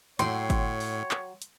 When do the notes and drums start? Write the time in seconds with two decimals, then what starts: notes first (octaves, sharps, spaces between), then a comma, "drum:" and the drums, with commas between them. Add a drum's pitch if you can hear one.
0.19 A2 F#3 C#5 F#5 G5 C6, drum: hi-hat
0.50 drum: kick G1, hi-hat
0.80 drum: open hi-hat
1.11 drum: clap
1.42 drum: hi-hat